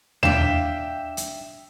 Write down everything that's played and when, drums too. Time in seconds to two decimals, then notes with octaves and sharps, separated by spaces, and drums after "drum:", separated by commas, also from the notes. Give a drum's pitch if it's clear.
0.23 D4 E5 F5 G5 E7, drum: tom D#2
1.17 drum: hi-hat